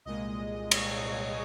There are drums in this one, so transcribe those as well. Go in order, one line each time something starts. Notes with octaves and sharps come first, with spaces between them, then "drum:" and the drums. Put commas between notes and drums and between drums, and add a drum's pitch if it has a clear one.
C2 A#2 G#3 D#5
C#5, drum: cymbal